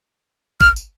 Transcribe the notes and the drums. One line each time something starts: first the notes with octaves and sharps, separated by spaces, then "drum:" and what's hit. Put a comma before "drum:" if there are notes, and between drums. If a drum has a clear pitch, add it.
F6, drum: kick
drum: tambourine